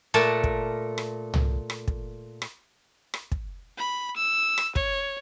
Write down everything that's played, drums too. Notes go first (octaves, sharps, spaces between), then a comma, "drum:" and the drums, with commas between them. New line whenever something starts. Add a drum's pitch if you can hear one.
A#2 A3 A#4 F#5 A5
drum: kick
drum: rim click
drum: tom
drum: rim click
drum: kick
drum: rim click
drum: rim click
drum: kick
B5
E6
drum: rim click
C#5, drum: kick